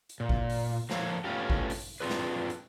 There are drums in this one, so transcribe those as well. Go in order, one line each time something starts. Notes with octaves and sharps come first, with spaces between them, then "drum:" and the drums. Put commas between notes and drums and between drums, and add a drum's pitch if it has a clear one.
drum: hi-hat
A#2
drum: kick G#1
drum: open hi-hat
A2 F3 A#3 A4 C#5 F5, drum: snare
A3 B3 C#4 F4 G4
drum: kick G#1
drum: open hi-hat
C4 D4 F4 G#4 B4
drum: snare
drum: hi-hat